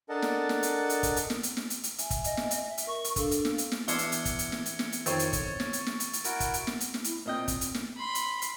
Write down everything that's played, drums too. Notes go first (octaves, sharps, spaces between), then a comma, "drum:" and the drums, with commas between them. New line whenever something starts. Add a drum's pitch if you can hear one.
D4 A4 A#4 D#5 F#5 A5
drum: snare
drum: snare
drum: hi-hat
drum: hi-hat
drum: kick, hi-hat
drum: hi-hat
drum: snare
drum: hi-hat
drum: snare
drum: hi-hat
drum: hi-hat
E5 G#5, drum: hi-hat
drum: kick, hi-hat
D#5, drum: hi-hat
drum: snare
drum: hi-hat
E5
drum: hi-hat
A#4 C#6
drum: hi-hat
D4 A4 F5, drum: kick, hi-hat
drum: hi-hat
drum: snare
drum: hi-hat
drum: snare
E2 D4 C6 G#6 C#7 G7, drum: hi-hat
drum: hi-hat
drum: hi-hat
drum: kick, hi-hat
drum: hi-hat
drum: snare
drum: hi-hat
drum: snare
drum: hi-hat
F2 D#3 C4 C#5 C#6 A6, drum: hi-hat
drum: hi-hat
drum: kick, hi-hat
drum: snare
drum: hi-hat
drum: snare
drum: hi-hat
drum: hi-hat
E4 F#4 A#4 D7, drum: hi-hat
drum: kick, hi-hat
drum: hi-hat
drum: snare
drum: hi-hat
drum: snare
E4, drum: hi-hat
A#2 C4 D#5 G5
drum: kick, hi-hat
drum: hi-hat
drum: snare
B5 C6
drum: hi-hat
drum: hi-hat